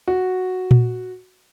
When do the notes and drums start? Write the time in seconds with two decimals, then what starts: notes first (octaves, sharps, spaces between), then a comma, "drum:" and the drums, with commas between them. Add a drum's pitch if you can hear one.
0.08 F#4
0.71 drum: tom A#2